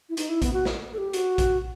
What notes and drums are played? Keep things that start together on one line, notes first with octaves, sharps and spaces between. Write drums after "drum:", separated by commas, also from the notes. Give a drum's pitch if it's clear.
E4
D#4, drum: hi-hat
E4
B3, drum: kick A#1, hi-hat
F#4
drum: snare
A4
G4
F#4, drum: hi-hat
drum: kick A#1, hi-hat